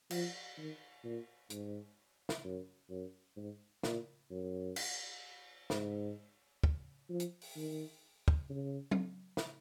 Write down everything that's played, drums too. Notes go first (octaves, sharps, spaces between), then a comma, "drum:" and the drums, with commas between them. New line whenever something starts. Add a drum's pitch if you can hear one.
F3, drum: cymbal
D#3
A#2
G#2, drum: hi-hat
drum: snare
F#2
F#2
G#2
A#2, drum: snare
F#2
drum: cymbal
G#2, drum: snare
drum: kick
F3
drum: hi-hat
drum: open hi-hat
D#3
drum: kick
C#3
drum: tom F#3
drum: snare